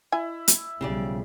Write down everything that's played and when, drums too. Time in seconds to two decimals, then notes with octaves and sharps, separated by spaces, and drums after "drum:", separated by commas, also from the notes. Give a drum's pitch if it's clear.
0.12 E4 G#5
0.48 drum: hi-hat
0.81 B1 C#3 F3 G3 G4 D5